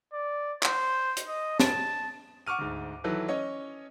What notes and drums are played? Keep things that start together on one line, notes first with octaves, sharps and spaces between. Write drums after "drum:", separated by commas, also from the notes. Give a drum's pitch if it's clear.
D5
C5, drum: clap
drum: hi-hat
D#5
A5, drum: snare
F#5 C#6 D6 F6 D#7
D2 G#2
D#3 E3 F#3 E4 A4 B4
C#4 C#5 D#5